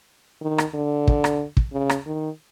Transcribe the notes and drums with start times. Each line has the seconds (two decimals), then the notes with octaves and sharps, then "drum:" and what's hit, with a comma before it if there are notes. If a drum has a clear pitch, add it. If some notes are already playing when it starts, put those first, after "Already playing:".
0.41 D#3
0.58 drum: rim click
0.74 D3
1.07 drum: kick
1.24 drum: rim click
1.57 drum: kick
1.73 C#3
1.89 drum: rim click
2.06 D#3